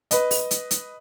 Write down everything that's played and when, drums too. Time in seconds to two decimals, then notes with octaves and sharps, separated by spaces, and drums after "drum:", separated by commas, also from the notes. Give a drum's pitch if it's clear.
0.11 B4 D#5, drum: hi-hat
0.31 drum: open hi-hat
0.51 drum: hi-hat
0.71 drum: hi-hat